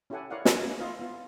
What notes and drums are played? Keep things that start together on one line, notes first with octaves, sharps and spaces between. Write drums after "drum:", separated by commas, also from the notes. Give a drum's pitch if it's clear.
C#4 E4 G4 A4 F#5 G#5
E4 A#4 C#5 D5 F5 F#5
B4 C#5 D#5 G#5, drum: snare
A#3 E4
E4 F4 D#5 F5
B3 F4